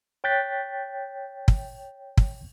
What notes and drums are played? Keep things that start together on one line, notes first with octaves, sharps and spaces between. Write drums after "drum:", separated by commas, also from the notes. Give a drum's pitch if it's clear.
C#5 G5 F#6 G6 A6 B6
drum: kick
drum: kick